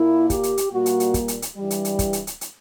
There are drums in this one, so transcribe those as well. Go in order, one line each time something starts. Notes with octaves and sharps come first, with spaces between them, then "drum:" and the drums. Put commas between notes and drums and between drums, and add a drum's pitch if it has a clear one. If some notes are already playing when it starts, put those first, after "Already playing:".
Already playing: A#2 A#3 E4
G4, drum: kick, hi-hat
drum: hi-hat
drum: hi-hat
A#2 G3 A#3 F#4
drum: hi-hat
drum: hi-hat
drum: kick, hi-hat
drum: hi-hat
drum: hi-hat
G2 E3 G3
drum: hi-hat
drum: hi-hat
drum: kick, hi-hat
drum: hi-hat
drum: hi-hat
drum: hi-hat